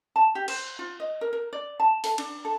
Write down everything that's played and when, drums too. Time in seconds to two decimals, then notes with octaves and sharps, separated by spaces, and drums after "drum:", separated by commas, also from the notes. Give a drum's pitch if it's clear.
0.16 A5
0.35 G4
0.48 C5, drum: cymbal
0.79 F4
1.00 D#5
1.21 A#4
1.33 A#4
1.53 D5
1.80 A5
2.04 A4, drum: open hi-hat
2.18 D4, drum: cymbal
2.45 A4